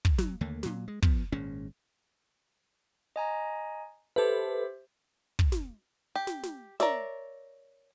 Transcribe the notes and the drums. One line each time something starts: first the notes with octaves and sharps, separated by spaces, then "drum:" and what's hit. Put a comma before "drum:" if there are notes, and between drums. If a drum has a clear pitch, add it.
drum: kick
F#3, drum: snare
D#2 D3 A3 A#3
A#2 F#3, drum: snare
G#3
F3 B3, drum: kick
G#1 A#2 G#3 C#4
D#5 G#5 A#5
G4 A4 B4 C5 E5
drum: kick
drum: snare
G4
drum: snare
drum: snare
A#4 C#5 D5 E5, drum: snare